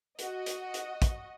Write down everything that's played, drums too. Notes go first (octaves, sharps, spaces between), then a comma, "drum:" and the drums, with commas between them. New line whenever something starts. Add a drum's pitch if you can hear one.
F#4 D#5, drum: hi-hat
drum: hi-hat
drum: hi-hat
drum: kick, hi-hat